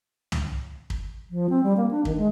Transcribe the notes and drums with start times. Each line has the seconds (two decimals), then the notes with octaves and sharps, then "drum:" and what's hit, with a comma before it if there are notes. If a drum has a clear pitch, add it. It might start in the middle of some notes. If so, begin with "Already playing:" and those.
0.32 drum: tom
0.90 drum: kick
1.31 F3
1.50 C4
1.63 G3
1.77 A#3
1.91 D4
2.05 D#3, drum: kick
2.18 G#3